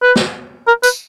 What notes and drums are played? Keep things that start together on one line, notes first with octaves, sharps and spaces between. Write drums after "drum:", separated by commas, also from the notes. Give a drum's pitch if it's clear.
B4
drum: snare
A#4
B4, drum: tambourine